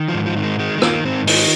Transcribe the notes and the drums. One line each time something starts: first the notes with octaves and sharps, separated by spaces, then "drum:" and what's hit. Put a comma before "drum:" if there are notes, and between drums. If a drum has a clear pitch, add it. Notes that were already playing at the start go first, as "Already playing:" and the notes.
Already playing: D#3
F3
G#2
F3
D#3
G#3
D#3 G#3
G#3
D#3 A#3, drum: rim click
G#2 C4
D#3 D#4, drum: open hi-hat